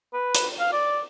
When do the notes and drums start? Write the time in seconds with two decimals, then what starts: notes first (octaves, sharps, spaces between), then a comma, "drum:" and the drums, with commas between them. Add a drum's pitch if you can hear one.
0.14 B4
0.35 drum: hi-hat
0.60 F5
0.72 D5